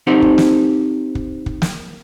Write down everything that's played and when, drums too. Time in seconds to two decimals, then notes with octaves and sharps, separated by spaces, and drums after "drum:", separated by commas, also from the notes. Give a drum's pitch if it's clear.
0.07 C4 D#4 G4 C5 F#5
0.22 drum: kick
0.38 drum: snare
1.15 drum: kick
1.46 drum: kick
1.62 drum: snare